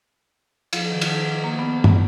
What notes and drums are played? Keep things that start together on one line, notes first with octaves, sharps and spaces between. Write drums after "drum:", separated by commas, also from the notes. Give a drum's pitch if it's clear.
F3, drum: cymbal
D#3
drum: cymbal
A#3
B3
drum: tom